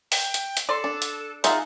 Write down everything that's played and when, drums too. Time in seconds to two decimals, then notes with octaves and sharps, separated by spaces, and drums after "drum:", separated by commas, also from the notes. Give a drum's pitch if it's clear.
0.12 G5, drum: open hi-hat
0.34 drum: hi-hat
0.57 drum: hi-hat
0.69 A4 D5 C6
0.84 D4
1.02 drum: hi-hat
1.44 D#4 F4 G#4 E5 F#5, drum: hi-hat